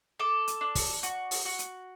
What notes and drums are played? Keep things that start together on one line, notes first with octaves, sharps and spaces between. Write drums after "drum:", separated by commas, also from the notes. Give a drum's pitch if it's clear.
A4 D6
drum: hi-hat
D4
drum: kick, open hi-hat
F#4, drum: hi-hat
drum: open hi-hat
F#4
drum: hi-hat